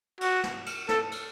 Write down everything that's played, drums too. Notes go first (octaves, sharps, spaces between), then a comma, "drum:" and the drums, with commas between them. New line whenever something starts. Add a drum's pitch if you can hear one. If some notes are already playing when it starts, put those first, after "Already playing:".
F#4, drum: cymbal
drum: snare
drum: cymbal
A4, drum: snare
drum: cymbal